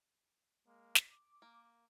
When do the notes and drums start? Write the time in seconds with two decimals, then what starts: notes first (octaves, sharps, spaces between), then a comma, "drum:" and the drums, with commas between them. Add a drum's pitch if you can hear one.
0.65 G#3 A#3
0.95 drum: snare
1.10 D6
1.42 A#3